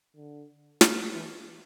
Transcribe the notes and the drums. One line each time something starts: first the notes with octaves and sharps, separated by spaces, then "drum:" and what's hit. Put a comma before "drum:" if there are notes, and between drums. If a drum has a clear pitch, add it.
D3
drum: snare
E3